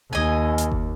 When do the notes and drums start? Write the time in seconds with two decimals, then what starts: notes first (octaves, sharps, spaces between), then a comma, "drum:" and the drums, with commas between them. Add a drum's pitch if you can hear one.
0.13 D#2 D#5 G#5
0.58 drum: hi-hat
0.71 drum: kick F#1